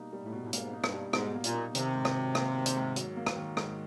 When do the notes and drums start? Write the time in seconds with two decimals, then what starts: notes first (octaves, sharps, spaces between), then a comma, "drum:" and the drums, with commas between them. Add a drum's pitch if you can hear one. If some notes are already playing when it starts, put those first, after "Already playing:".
Already playing: B2 G3 A#3 D#4
0.13 G3
0.23 A2
0.33 B2
0.43 A2
0.53 G#2 A#3, drum: hi-hat
0.73 D#4
0.84 G2, drum: rim click
0.93 G3
1.13 G#2 B2, drum: rim click
1.35 A#3
1.44 A#2, drum: hi-hat
1.54 D#4
1.75 C3 D#3, drum: hi-hat
1.95 G#2
2.05 drum: rim click
2.15 F#3
2.35 A#3, drum: rim click
2.56 D#3
2.66 drum: hi-hat
2.76 G#2
2.96 F#3, drum: hi-hat
3.16 A#3
3.26 drum: rim click
3.36 D#3
3.57 G#2, drum: rim click